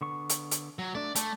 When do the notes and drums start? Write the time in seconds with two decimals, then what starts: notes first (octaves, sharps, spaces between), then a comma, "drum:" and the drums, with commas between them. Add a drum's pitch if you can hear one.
0.01 D3 B3 C#6
0.29 drum: hi-hat
0.51 drum: hi-hat
0.79 F#3
0.95 A3 D4 D5
1.15 A3 D5, drum: hi-hat